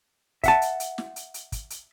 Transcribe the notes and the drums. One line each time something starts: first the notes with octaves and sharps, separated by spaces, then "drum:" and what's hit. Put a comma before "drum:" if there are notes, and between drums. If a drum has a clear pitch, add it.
E5 F#5 A5, drum: kick, hi-hat
drum: hi-hat
drum: hi-hat
drum: snare
drum: hi-hat
drum: hi-hat
drum: kick, hi-hat
drum: hi-hat